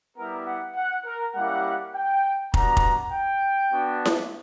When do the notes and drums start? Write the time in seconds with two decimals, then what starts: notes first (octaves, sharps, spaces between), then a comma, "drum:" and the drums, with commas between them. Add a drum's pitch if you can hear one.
0.17 G3 B3 E4 A#4
0.46 F#5
0.76 F#5
1.06 A#4
1.35 G3 A#3 C#4 E4 G4 F#5
1.95 G5
2.54 G3 B3 D4 F#4 A#5, drum: kick
2.77 drum: kick
3.13 G5
3.72 B3 D4 F#4
4.05 drum: snare E4